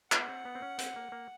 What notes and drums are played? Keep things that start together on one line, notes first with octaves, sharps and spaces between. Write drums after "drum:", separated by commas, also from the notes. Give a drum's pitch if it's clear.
B3 F#5, drum: clap
C4
B3
C4
C#4
C4, drum: hi-hat
A#3
A#3